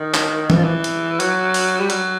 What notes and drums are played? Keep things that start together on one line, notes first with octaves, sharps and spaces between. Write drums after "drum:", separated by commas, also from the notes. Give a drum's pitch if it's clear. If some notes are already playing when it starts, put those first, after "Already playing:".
Already playing: D#3
drum: clap
E3, drum: tom E3
F3
E3
drum: hi-hat
F#3, drum: hi-hat
drum: open hi-hat
G3
F#3, drum: hi-hat